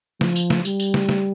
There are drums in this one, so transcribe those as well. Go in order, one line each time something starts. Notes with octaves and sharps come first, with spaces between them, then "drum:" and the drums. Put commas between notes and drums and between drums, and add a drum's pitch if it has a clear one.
F3, drum: snare
drum: tambourine
drum: snare
G3, drum: tambourine
drum: tambourine
drum: snare
drum: snare